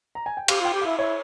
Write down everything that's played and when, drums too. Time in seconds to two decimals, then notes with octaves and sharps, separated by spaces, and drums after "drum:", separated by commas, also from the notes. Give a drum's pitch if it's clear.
0.15 A#5
0.26 G#5
0.37 G5
0.48 G4 F5, drum: cymbal
0.61 F4 G5
0.73 G4
0.82 E4 F5
0.98 E4 C#5